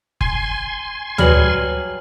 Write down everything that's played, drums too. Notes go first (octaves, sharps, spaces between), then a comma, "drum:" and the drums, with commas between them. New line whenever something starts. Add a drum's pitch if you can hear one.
G#5 C6, drum: kick F#1
F#3 G3 G#4 B4 D5 B5 F6 F#7, drum: tom